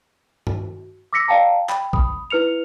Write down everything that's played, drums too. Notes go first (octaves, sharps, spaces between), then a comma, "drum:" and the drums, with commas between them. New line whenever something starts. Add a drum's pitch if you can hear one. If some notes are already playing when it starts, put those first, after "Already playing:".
F#4, drum: tom G2
D6 E6 A#6 B6 C#7
D5 F5 G5 A5 A#5
G5 B5, drum: clap
B5 D#6, drum: kick
E4 B4 F6 C#7 F7